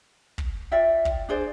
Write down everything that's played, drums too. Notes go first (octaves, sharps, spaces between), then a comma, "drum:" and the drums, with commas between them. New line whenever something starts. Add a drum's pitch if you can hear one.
drum: kick
F4 D5 E5 G5
drum: kick
D4 G#4 C5 D5